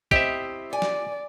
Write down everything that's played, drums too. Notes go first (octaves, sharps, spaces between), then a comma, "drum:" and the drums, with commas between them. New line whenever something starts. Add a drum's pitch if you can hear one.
C4 E4 G4 D#5 E5, drum: kick
D5 G#5
drum: snare